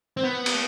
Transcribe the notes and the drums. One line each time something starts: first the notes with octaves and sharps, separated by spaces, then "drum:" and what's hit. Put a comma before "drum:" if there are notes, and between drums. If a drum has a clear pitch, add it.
C4
B3
drum: cymbal